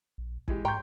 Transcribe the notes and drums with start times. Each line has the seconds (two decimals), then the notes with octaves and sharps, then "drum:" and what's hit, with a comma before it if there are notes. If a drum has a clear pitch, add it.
0.18 A#1
0.48 A#1 E3 G#3 G4, drum: kick
0.65 G#2 G5 A#5 C6 C#6 G6